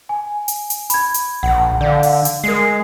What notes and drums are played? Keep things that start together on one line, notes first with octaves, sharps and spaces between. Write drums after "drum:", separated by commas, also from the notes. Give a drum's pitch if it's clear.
G#5
drum: hi-hat
drum: hi-hat
B5 G#6, drum: hi-hat
drum: hi-hat
A#1 F#5
D3 D5 F5
drum: open hi-hat
drum: hi-hat
G#3 A#4 C7